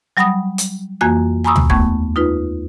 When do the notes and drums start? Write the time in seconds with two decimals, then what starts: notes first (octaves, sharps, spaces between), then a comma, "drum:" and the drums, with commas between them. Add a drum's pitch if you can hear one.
0.17 F#3 G3 F#5 B5 D#6 A#6
0.58 drum: hi-hat
1.01 F2 E3 A#3 F#4 G#5 F#6
1.45 G#5 A#5 B5 C#6 D#6 E6
1.56 drum: tom D2
1.70 D#2 A3 B3 A5 C#6 G#6, drum: kick
2.16 D#4 F4 B4